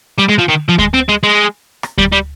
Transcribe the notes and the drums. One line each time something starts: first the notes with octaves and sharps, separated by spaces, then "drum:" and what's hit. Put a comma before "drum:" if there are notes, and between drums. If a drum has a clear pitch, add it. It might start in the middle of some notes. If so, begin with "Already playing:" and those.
G3
G#3
F3
D#3
F3
G#3, drum: kick D2
C4
G#3
G#3
drum: rim click
G3, drum: kick D2
G3